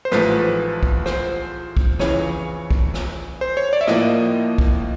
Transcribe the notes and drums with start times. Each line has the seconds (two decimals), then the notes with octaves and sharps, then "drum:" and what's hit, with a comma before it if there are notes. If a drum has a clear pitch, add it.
0.05 C5
0.12 A1 G#2 F3 A3 B4, drum: rim click
0.83 drum: kick
1.06 C5, drum: rim click
1.77 drum: kick
1.99 F2 C#3 E3 C#5, drum: rim click
2.71 drum: kick
2.94 drum: rim click
3.41 C5
3.57 C#5
3.73 D5
3.81 E5
3.88 A2 F3 A#3 D#5, drum: rim click
4.58 drum: kick